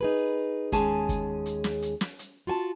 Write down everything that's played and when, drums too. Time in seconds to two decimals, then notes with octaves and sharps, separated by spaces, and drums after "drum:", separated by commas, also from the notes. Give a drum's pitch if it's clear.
0.01 D#4 G#4 B4
0.72 D#2 G#3 C#4 G#4 G#5 A5, drum: kick, hi-hat
1.09 drum: kick, hi-hat
1.46 drum: hi-hat
1.64 drum: snare
1.82 drum: hi-hat
2.01 drum: snare
2.19 drum: hi-hat
2.47 F4 F#4 G#5 A5